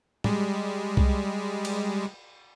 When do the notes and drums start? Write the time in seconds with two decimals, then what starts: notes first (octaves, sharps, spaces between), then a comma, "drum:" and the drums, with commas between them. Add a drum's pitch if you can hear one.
0.24 G3 G#3, drum: tom
0.97 drum: kick C2
1.65 drum: cymbal